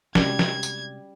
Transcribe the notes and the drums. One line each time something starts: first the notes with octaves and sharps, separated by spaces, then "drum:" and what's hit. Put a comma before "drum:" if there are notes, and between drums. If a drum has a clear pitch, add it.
C3 G3 G#3 C#4 F#4 G#6, drum: snare
drum: snare
drum: tambourine